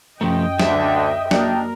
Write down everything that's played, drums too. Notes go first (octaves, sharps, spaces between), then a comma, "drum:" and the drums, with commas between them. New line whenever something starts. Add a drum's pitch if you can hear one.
F#2 F3 A3 C#4 D#5 G5
D2 D3 E5, drum: snare
A#3 D4 F#4 A#4 D5 D#5 G5, drum: snare